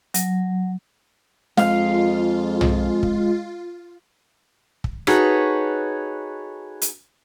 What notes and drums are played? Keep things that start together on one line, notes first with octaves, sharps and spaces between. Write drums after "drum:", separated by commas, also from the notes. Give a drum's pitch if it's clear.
F#3, drum: hi-hat
F2 G#3 F4 F5 F6, drum: snare
drum: tom
drum: kick
drum: kick
D#4 F#4 G#4 A4 B4 C#5, drum: rim click
drum: hi-hat